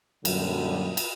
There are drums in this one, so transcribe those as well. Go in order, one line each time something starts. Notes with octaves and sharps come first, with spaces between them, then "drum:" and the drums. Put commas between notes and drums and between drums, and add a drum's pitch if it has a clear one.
F#2 A#2 D3 F#3 G3, drum: cymbal
drum: cymbal